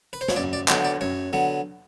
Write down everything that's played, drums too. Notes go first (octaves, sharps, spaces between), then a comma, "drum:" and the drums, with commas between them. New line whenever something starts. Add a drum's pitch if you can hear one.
B4
C5
C#5, drum: snare
F#2 D5
D5
D3 F#3 B3 D#5, drum: clap
D5
F#2 C#5
D3 F#3 B3